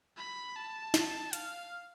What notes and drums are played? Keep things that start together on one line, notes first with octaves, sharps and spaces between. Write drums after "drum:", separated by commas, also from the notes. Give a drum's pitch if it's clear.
B5
A5
drum: snare
F5, drum: hi-hat